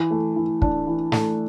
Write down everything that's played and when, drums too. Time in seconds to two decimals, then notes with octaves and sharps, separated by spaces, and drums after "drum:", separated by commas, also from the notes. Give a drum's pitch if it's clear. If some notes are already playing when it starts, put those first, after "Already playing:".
Already playing: E3
0.11 A3
0.36 E3
0.62 D4, drum: kick
0.87 E3
1.12 A3, drum: snare